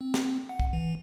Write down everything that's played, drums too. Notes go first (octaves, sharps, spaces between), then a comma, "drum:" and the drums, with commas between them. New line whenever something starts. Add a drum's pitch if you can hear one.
C4
drum: snare
F#5
drum: kick
E3